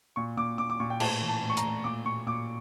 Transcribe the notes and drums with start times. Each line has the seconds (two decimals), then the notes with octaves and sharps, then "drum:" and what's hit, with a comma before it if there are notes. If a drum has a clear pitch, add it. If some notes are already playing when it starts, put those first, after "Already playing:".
0.16 A#2 C#6
0.37 A#2 D6
0.58 A#2 D6
0.70 D6
0.80 A#2 C#6
0.90 G5
1.00 A2 A5, drum: cymbal
1.21 E3
1.28 A5
1.42 A2
1.50 C#6
1.57 A#5, drum: hi-hat
1.63 A2
1.84 A#2 D6
2.05 A#2 C#6
2.26 A#2 D6